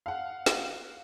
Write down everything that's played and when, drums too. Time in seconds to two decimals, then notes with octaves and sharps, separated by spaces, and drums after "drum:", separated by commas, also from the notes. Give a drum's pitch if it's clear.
0.06 F5 F#5
0.46 drum: snare